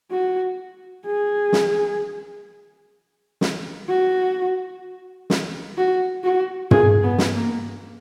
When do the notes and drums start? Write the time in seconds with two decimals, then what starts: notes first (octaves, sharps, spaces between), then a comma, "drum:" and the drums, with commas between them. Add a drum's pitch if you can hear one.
0.11 F#4
1.05 G#4
1.53 drum: snare
3.41 drum: snare
3.88 F#4
5.30 drum: snare
5.77 F#4
6.23 F#4
6.71 G#4, drum: tom
7.03 B3
7.18 drum: snare
7.34 A#3